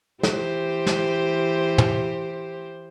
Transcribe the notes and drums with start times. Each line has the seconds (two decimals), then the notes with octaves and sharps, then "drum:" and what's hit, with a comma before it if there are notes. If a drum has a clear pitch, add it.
0.23 E3 G4 C5, drum: snare
0.87 drum: snare
1.78 drum: tom